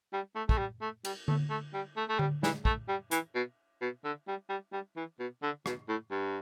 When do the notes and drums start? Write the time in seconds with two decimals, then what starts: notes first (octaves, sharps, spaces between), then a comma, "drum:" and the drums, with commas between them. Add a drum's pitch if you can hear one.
0.13 G3
0.35 A3
0.49 A3, drum: kick
0.58 G3
0.81 A3
1.05 G3, drum: cymbal
1.28 A3, drum: tom D3
1.50 A3
1.74 G3
1.97 A3
2.09 A3
2.19 G3, drum: tom D3
2.43 E3, drum: snare
2.65 A3, drum: kick
2.88 G3
3.11 E3, drum: hi-hat
3.35 B2
3.81 B2
4.04 D3
4.28 G3
4.49 G3
4.72 G3
4.96 E3
5.19 B2
5.43 D3
5.66 B2, drum: rim click
5.88 A2
6.11 G2